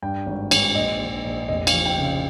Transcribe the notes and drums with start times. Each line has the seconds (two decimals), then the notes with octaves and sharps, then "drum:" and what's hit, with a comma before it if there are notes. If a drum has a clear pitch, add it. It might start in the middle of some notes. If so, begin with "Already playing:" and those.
0.02 G2 G5
0.26 G#1
0.51 G#1, drum: cymbal
0.75 A#1 D#5
1.00 A#1
1.24 A#1
1.48 F1 D#5
1.67 F5, drum: cymbal
1.73 F3
1.86 G5
1.98 C#3
2.03 F5